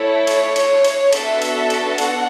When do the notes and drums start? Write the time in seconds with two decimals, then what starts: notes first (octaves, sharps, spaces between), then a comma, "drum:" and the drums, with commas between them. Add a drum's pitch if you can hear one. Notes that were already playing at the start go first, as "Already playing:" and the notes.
Already playing: A3 E4 A4 C#5
0.27 drum: cymbal
0.56 drum: cymbal
0.84 drum: cymbal
1.13 B3 D4 F#4 A4 E5, drum: cymbal
1.42 drum: cymbal
1.70 drum: cymbal
1.98 F#5, drum: cymbal